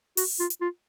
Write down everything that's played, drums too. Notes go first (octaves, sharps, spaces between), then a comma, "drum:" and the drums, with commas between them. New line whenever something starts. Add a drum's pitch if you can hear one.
F#4, drum: open hi-hat
F4
drum: hi-hat
F4